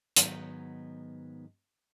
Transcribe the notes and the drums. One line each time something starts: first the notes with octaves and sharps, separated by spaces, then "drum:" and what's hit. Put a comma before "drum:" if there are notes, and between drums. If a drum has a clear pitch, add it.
G#2 D#3 F#3 B3, drum: hi-hat